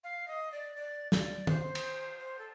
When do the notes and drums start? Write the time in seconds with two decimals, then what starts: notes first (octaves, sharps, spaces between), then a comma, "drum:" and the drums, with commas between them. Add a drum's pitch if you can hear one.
0.04 F5
0.28 D#5
0.52 D5
0.76 D5
1.12 D5, drum: snare
1.47 C5, drum: tom
1.75 drum: cymbal
2.19 C5
2.39 A4